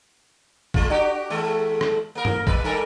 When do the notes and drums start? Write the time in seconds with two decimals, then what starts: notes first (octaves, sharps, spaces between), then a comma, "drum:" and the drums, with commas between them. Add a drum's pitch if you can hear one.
0.74 G#3 F4, drum: kick
0.90 D4 F#4 G4
1.30 E2 G#3 A4
1.81 drum: rim click
2.15 A#3 A#4
2.25 drum: tom G2
2.47 G3 B4, drum: kick
2.64 G2 A4 A#4